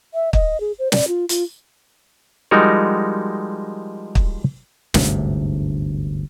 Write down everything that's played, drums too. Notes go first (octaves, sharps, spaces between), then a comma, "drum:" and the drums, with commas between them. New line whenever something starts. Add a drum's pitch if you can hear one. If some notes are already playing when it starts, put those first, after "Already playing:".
E5
D#5, drum: kick
G#4
C5
D5, drum: snare
F4
F4, drum: hi-hat
F3 G3 G#3 D#4 F#4 A#4
drum: kick
G1 D2 G#2 C3, drum: snare